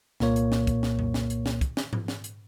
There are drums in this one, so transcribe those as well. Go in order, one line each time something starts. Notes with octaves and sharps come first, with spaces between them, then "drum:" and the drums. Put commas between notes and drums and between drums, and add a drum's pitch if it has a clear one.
C2 A#2 A#3 C#5, drum: snare
drum: hi-hat
drum: snare
drum: kick, hi-hat
drum: snare
drum: tom F2
drum: snare
drum: hi-hat
drum: snare
drum: kick, hi-hat
drum: snare
drum: tom G#2
drum: snare
drum: hi-hat